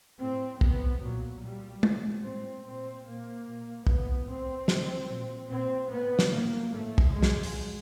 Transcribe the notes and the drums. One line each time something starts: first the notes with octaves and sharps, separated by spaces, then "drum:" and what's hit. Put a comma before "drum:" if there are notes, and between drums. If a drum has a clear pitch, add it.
A2 C4
A2 B3, drum: kick
A#2 F#3
A#2 G3
A#2, drum: tom G#3
A2 C4
A#2 C4
A#2 A#3
A#2
A2 B3, drum: kick
A2 C4
A2, drum: snare
A#2
A#2 C4
A2 B3
drum: snare
A2 A#3
A2 A3
drum: kick
A#2 G#3
drum: snare
drum: open hi-hat